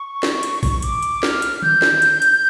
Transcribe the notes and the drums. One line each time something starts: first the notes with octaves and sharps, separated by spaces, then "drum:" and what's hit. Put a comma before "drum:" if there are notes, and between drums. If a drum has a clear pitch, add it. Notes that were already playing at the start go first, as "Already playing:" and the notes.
Already playing: C#6
drum: snare
drum: hi-hat
drum: kick, open hi-hat
D6, drum: hi-hat
drum: hi-hat
F6, drum: snare
drum: hi-hat
G6, drum: tom D3
drum: snare
drum: hi-hat
drum: hi-hat